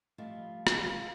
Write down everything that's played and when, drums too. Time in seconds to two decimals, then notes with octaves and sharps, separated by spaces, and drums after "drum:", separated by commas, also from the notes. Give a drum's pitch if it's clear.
0.18 F3 G3 A3 F4 D#5
0.67 drum: rim click
0.89 F4 G#4